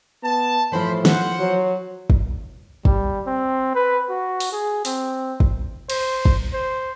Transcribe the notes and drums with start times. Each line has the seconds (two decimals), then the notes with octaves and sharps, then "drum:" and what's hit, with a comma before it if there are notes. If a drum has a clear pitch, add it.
0.23 B3 A5
0.72 A2 E3 F3 C5 B5
1.05 C5 F#5, drum: snare
1.39 F#3
2.10 drum: kick
2.85 G3, drum: kick
3.26 C4
3.75 B4
4.09 F#4
4.40 drum: open hi-hat
4.52 G#4
4.85 C4, drum: open hi-hat
5.40 drum: kick
5.90 C5, drum: cymbal
6.25 drum: kick
6.53 C5